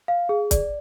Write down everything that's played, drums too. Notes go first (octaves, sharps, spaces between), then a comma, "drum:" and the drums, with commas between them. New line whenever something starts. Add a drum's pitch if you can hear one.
F5
G#4
D5, drum: kick, hi-hat